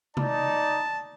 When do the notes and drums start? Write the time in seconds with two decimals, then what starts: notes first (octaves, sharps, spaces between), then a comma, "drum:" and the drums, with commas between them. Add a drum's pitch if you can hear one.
0.17 D#4 D5 A5, drum: tom C3